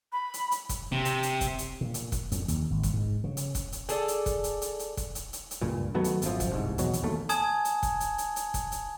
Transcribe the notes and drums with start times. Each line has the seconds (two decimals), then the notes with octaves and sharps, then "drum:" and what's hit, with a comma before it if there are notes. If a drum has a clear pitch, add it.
0.12 B5
0.34 drum: hi-hat
0.51 drum: hi-hat
0.69 drum: kick, hi-hat
0.92 C3
1.05 drum: hi-hat
1.23 drum: hi-hat
1.41 drum: kick, hi-hat
1.58 drum: hi-hat
1.81 A#2
1.94 drum: hi-hat
2.12 drum: kick, hi-hat
2.32 F2, drum: hi-hat
2.48 D#2, drum: hi-hat
2.71 G#1
2.83 drum: kick, hi-hat
2.94 G#2
3.24 C#3
3.37 drum: hi-hat
3.55 drum: kick, hi-hat
3.72 drum: hi-hat
3.89 G#4 A4 D5, drum: hi-hat
4.08 drum: hi-hat
4.26 drum: kick, hi-hat
4.44 drum: hi-hat
4.62 drum: hi-hat
4.79 drum: hi-hat
4.97 drum: kick, hi-hat
5.15 drum: hi-hat
5.33 drum: hi-hat
5.51 drum: hi-hat
5.61 C#2 G2 A#2
5.94 D#3 F#3 A3 B3
6.04 drum: hi-hat
6.22 G#1 F#2 F3, drum: hi-hat
6.40 drum: kick, hi-hat
6.50 G1 C2 G#2
6.78 A#1 E2 B2 F#3, drum: hi-hat
6.93 drum: hi-hat
7.03 E1 D#2 B2 A3
7.29 G#5 A5 D#6 G#6, drum: hi-hat
7.65 drum: hi-hat
7.83 drum: kick, hi-hat
8.00 drum: hi-hat
8.18 drum: hi-hat
8.36 drum: hi-hat
8.54 drum: kick, hi-hat
8.72 drum: hi-hat